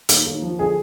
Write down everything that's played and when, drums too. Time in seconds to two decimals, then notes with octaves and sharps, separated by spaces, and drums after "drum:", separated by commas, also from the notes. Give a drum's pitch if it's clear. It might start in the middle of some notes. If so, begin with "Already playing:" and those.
0.09 D#2, drum: hi-hat
0.26 D#2
0.42 F3
0.59 D3 G#4